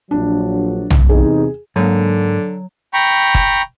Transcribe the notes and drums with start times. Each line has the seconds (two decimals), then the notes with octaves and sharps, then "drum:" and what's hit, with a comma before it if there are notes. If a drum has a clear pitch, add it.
0.11 A#1 F#3 D4
0.90 drum: tom B1
1.09 E2 C3 D#4 G#4
1.76 G#2 D3 F#3 A#3
2.94 G5 A#5 B5 C#6
3.35 drum: kick